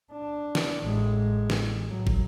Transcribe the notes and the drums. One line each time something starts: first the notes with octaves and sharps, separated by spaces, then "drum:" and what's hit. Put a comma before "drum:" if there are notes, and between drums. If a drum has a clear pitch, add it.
D4
drum: snare
A1 G#3
drum: snare
A1 F#3
drum: kick